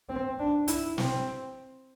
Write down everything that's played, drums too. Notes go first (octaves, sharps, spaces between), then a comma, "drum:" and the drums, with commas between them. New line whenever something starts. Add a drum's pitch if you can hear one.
C4
D4
E4, drum: hi-hat
C4, drum: snare